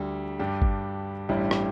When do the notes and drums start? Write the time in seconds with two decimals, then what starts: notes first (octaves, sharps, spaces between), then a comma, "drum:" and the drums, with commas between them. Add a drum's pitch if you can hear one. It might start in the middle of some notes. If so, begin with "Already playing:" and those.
Already playing: D2 D3 G3
0.39 G2 G3 D4 G4
0.62 drum: kick G#1
1.29 A1 G2 G3 E4 G4
1.51 drum: rim click